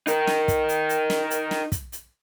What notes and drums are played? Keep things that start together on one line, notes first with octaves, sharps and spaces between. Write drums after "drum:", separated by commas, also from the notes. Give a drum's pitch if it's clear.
D#4 A#4, drum: hi-hat
drum: snare
drum: kick, hi-hat
drum: hi-hat
drum: hi-hat
drum: snare
drum: hi-hat
drum: snare
drum: kick, hi-hat
drum: hi-hat